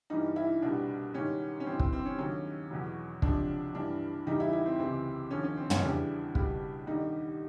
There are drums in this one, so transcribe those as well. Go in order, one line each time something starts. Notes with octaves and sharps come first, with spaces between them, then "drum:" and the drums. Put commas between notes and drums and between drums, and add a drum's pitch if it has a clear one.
G2 E3 G3 D#4
E4
C2 B2 G3 D4
G#2 D#3 G3 C#4
C#4
G2 E3 G3 C4
C4, drum: kick
C4
C#4
D#2 D3 F#3 C#4
E2 B2 F#3
C#2 C3 F3 D4, drum: kick
G2 E3 G3 D4
E2 C#3 E3 G3 D#4
E4
E4
C4
C#2 C3 E3 C4
D#2 D3 F3 C#4
C#4
C4
C#4, drum: tom
E2 C#3 E3 G3 D4
C#2 B2 G3, drum: kick
D#2 D3 G3 D#4